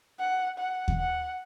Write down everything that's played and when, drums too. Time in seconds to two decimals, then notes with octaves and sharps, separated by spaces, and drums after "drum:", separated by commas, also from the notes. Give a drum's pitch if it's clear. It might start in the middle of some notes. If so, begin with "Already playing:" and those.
0.19 F#5
0.58 F#5
0.88 drum: kick D#2
0.99 F#5